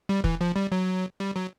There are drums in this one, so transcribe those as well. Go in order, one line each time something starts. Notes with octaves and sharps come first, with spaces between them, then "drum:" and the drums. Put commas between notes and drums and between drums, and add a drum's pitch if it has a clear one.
G3
E3, drum: kick
F3
G3
F#3
G3
F#3